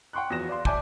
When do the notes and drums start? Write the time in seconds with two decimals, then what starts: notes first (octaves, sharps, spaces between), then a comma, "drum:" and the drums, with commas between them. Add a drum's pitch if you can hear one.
0.13 F#5 G5 C6 C#6 F#6
0.30 E2 F3 F#3 A#6 E7
0.49 D5 F5 C6
0.65 D5 E5 G#5 A5 D6 G6, drum: kick